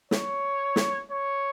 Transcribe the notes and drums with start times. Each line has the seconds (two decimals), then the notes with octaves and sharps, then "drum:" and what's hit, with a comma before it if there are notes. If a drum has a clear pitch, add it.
0.11 C#5, drum: snare
0.76 drum: snare
1.11 C#5